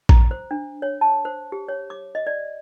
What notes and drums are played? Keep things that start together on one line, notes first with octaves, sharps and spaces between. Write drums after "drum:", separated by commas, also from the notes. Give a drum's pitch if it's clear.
A#5, drum: kick A#1
C5
D4
C#5
A5
C5
G4
C#5
D6
D#5
D5